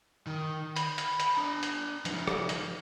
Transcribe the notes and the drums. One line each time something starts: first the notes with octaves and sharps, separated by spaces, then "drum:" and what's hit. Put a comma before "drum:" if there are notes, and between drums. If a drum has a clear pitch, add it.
D#3
B5, drum: hi-hat
drum: hi-hat
drum: hi-hat
D4 A#5
drum: hi-hat
F3 D#4, drum: hi-hat
drum: rim click
drum: hi-hat